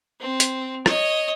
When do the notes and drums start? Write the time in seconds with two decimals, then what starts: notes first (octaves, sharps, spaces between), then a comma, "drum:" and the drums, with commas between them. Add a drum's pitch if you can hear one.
0.20 C4
0.40 drum: hi-hat
0.86 C#5 D#5, drum: rim click